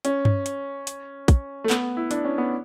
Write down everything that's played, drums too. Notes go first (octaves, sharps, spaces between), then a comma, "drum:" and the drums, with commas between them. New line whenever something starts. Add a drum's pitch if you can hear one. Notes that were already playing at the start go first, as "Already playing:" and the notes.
C#4, drum: hi-hat
drum: tom G2
drum: hi-hat
drum: hi-hat
drum: kick, hi-hat
A3
B3, drum: clap
E4
D4, drum: hi-hat
C#4
B3